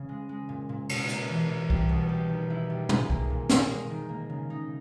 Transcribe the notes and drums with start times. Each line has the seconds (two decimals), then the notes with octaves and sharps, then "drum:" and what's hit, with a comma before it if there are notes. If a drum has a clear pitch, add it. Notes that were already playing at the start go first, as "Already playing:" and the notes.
Already playing: C#3
0.09 G#3
0.29 G#3
0.49 A#2
0.69 A#2
0.89 B2, drum: cymbal
1.09 A#3, drum: hi-hat
1.29 E3
1.49 A#3
1.70 G3, drum: kick C2
1.89 B2
2.09 G4
2.29 D#3
2.50 E4
2.70 G3
2.89 G#4, drum: tom
3.10 A#3, drum: kick C2
3.30 A#2
3.49 A#2, drum: snare
3.70 G#3
3.90 D#3
4.09 A#3
4.29 C#3
4.50 D#4